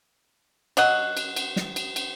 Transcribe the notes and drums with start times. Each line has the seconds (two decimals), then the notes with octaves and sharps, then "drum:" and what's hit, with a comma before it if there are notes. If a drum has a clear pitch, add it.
0.77 F#3 D#5 F#5, drum: cymbal
1.17 drum: cymbal
1.36 drum: cymbal
1.56 drum: snare
1.76 drum: cymbal
1.96 drum: cymbal